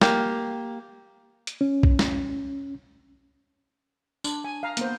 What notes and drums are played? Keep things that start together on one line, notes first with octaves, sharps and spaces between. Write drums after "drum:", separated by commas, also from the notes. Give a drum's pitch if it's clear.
A#3 G4, drum: snare
drum: hi-hat
C#4
drum: kick B1
drum: snare
D4, drum: tambourine
G#5
F5 A#5
A#3 B3 C5, drum: hi-hat